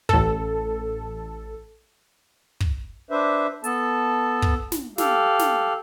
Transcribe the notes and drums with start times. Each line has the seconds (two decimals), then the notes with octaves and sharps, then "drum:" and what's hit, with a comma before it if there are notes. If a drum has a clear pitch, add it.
0.09 A1 A4, drum: kick
2.60 drum: kick
3.11 D4 B4 C5 E5
3.64 B3 A4 A5, drum: hi-hat
4.42 drum: kick
4.72 drum: snare
4.98 G4 A4 F5, drum: snare
5.39 drum: snare